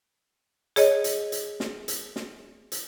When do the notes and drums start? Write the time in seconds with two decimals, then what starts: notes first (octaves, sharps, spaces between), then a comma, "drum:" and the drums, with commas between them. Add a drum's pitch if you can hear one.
0.76 G#4 C#5 D#5, drum: hi-hat
1.04 drum: hi-hat
1.32 drum: hi-hat
1.60 drum: snare
1.88 drum: hi-hat
2.16 drum: snare
2.72 drum: hi-hat